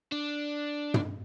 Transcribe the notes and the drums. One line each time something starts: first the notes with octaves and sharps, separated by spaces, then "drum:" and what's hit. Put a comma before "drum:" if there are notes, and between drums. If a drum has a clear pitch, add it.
D4
drum: tom